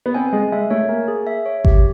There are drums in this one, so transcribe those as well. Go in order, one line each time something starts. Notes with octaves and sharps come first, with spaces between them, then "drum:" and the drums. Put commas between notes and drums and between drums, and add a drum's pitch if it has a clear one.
B3
C4 G#5
G#3 G#4
G#3 E5
A3 C#5
A#3 G#5
G#4
E5
C#5
G4, drum: kick G#1